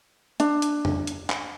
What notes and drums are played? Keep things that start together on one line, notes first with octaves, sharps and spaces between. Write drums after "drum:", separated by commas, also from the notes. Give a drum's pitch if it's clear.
D4, drum: hi-hat
drum: hi-hat
drum: tom F2
drum: hi-hat
drum: clap